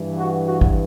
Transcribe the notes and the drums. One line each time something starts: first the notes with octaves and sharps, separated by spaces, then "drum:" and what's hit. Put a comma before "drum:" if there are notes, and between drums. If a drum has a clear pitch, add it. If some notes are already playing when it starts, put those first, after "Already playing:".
Already playing: G2 E3
F#4
F#4
drum: kick